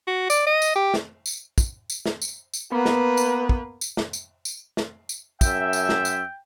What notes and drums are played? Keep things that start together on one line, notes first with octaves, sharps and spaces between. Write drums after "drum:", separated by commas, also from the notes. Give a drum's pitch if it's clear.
F#4
D5, drum: tambourine
D#5
drum: tambourine
G4
drum: snare
drum: tambourine
drum: kick, tambourine
drum: tambourine
drum: snare
drum: tambourine
drum: tambourine
A#3 B3 B4
drum: snare
drum: tambourine
drum: kick
drum: tambourine
drum: snare
drum: tambourine
drum: tambourine
drum: snare
drum: tambourine
F#2 E5 G5, drum: kick, tambourine
drum: tambourine
drum: snare
drum: tambourine